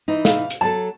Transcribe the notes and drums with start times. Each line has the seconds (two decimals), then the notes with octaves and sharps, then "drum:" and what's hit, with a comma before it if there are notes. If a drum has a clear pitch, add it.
0.08 E3 D#4
0.25 F5, drum: snare
0.50 drum: hi-hat
0.61 F#3 A4 A5